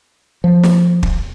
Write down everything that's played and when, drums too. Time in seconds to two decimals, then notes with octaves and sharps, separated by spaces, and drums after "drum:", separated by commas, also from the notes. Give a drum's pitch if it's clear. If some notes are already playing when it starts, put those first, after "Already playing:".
0.44 F3
0.63 drum: snare
1.03 drum: kick